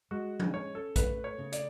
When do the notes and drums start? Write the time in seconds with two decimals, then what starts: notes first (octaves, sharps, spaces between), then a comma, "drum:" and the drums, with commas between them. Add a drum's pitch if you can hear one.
0.11 G#3 F#4
0.40 drum: tom F3
0.54 C#4 C#5
0.75 A4
0.96 A3 B4, drum: kick A#1, hi-hat
1.24 C#5
1.38 C#3
1.52 D5, drum: hi-hat